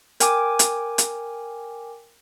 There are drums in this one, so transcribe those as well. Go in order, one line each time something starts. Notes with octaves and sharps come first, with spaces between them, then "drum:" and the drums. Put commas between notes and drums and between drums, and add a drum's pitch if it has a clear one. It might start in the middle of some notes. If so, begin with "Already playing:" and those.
A#4 G5 G#5 D6, drum: hi-hat
drum: hi-hat
drum: hi-hat